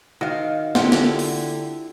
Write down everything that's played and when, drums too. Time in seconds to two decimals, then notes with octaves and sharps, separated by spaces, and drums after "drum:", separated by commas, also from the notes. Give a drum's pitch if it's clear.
0.21 D#3 F#4 F5
0.75 D3 E4 F4 G4 F#5, drum: snare
0.92 drum: snare
1.19 drum: open hi-hat